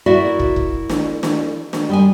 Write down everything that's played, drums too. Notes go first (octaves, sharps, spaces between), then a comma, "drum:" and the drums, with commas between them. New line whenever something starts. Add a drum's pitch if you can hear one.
E4 F#4 A#4 D5 E5
drum: kick
drum: kick
drum: snare
drum: snare
drum: snare
G3 G#3 G#5